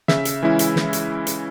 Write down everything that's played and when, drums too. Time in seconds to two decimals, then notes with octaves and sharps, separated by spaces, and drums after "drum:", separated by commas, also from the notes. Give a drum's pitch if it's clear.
0.08 C#3 E5, drum: snare
0.25 drum: hi-hat
0.42 E3 G#3 C#4 E4
0.59 drum: hi-hat
0.76 drum: snare
0.93 drum: hi-hat
1.27 drum: hi-hat